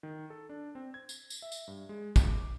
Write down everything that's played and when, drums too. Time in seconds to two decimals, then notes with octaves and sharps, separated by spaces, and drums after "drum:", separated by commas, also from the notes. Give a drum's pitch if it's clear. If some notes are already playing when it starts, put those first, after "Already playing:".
0.03 D#3
0.30 A4
0.49 D4
0.75 C4
0.94 G#6
1.09 drum: tambourine
1.30 drum: tambourine
1.42 E5
1.52 drum: tambourine
1.68 G2
1.89 G#3
2.16 C#2, drum: kick, tambourine
2.29 D6